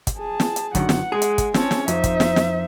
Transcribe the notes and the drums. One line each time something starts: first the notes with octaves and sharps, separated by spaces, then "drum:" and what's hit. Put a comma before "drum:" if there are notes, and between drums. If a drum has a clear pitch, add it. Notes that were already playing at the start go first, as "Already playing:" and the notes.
drum: kick, hi-hat
G#4 A5
drum: snare
drum: hi-hat
F#2 D3 D#3 F#5, drum: kick, hi-hat
drum: snare
G#3 G#4
drum: hi-hat
drum: kick, hi-hat
C4 C#4 C#5 A5, drum: snare
drum: snare
F2 D#4 C5 E5, drum: hi-hat
drum: kick, hi-hat
drum: snare
drum: snare